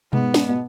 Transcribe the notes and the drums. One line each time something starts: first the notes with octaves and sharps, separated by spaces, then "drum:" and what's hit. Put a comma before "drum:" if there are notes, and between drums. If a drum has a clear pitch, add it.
G#2 B3, drum: tom B2
drum: snare
B2